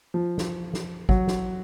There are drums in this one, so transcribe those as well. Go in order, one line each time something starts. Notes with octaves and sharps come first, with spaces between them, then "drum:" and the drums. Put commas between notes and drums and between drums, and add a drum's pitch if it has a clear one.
F3
drum: snare
drum: snare
F#3, drum: kick G#1
drum: snare